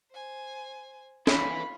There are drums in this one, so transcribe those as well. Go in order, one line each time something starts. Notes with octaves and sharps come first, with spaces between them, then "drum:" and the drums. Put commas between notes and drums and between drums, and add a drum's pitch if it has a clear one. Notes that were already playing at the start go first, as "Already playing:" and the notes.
C5 G#5
C#4 E4 F4 B4 B5, drum: snare